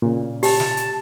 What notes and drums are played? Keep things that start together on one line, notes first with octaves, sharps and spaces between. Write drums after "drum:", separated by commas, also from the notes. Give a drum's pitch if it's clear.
A#2 C#3
G4 A5, drum: open hi-hat
drum: snare
drum: hi-hat